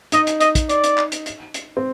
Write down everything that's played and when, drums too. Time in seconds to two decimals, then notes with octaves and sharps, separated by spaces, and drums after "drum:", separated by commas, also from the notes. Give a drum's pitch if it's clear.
0.12 D#4 D#5, drum: hi-hat
0.27 drum: hi-hat
0.41 D#5, drum: hi-hat
0.55 drum: kick, hi-hat
0.69 D5, drum: hi-hat
0.84 drum: hi-hat
0.98 drum: clap
1.12 drum: hi-hat
1.26 drum: hi-hat
1.54 drum: hi-hat
1.77 C4